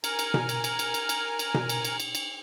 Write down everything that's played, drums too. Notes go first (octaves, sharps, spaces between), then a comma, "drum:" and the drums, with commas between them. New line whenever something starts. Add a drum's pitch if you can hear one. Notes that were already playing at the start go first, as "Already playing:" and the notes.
A#4 G#5 F6, drum: cymbal
drum: cymbal
drum: tom B2
drum: cymbal
drum: cymbal
drum: cymbal
drum: cymbal
drum: cymbal
drum: cymbal
drum: tom B2
drum: cymbal
drum: cymbal
drum: cymbal
drum: cymbal